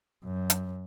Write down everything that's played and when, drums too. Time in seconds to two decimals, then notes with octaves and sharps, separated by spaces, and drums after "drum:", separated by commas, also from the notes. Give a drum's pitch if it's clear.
0.24 F#2
0.50 drum: hi-hat